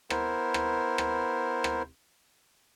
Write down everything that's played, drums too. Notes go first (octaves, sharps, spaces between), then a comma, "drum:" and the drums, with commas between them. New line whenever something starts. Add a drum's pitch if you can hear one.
B3 E4 A#4 C5, drum: rim click
drum: rim click
drum: rim click
drum: rim click